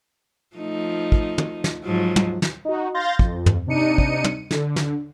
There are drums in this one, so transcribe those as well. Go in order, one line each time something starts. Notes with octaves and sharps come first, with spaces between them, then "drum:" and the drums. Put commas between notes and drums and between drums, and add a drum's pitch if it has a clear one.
F3 A3 D#4
drum: kick
drum: tom
drum: snare
G#2 F3 F#3
drum: tom
drum: snare
D#4 F#4
F5 C6 G6 A6 A#6
F2, drum: kick
drum: tom
C3 D4 D#4 C#7 D#7
drum: kick
drum: tom
D3, drum: snare
drum: snare